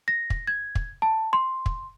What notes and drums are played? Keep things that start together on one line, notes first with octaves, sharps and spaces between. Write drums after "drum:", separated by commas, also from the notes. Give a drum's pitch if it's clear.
A#6
drum: kick
G#6
drum: kick
A5
C6
drum: kick